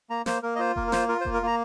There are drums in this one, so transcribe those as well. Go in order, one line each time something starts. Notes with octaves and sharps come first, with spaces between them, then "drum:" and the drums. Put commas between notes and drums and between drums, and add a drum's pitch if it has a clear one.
A#3 A#5
A#3 C5, drum: snare
A#3 A#4
D#5
F4 C5
A#3 A#4, drum: kick F1
A#4
F4 C5, drum: snare
F4 A#4
C5
A#3, drum: kick F1
A#4
A#3 A#5